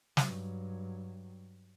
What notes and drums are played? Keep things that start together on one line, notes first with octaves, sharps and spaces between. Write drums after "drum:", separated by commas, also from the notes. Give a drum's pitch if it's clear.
G2 F#3, drum: snare